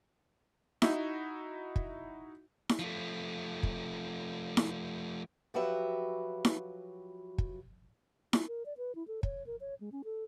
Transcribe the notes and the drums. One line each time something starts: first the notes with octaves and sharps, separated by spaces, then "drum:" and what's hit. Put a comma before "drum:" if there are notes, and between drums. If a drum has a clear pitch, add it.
D#4 E4 F#4 E5, drum: snare E4
drum: kick
drum: snare E4
F3 A3
drum: kick
drum: snare E4
F3 F#3 F#4 G4 B4 E5
drum: snare E4
drum: kick
F4, drum: snare E4
A#4
D5
B4
E4
A4
C#5, drum: kick
A#4
C#5
G#3
C#4
A4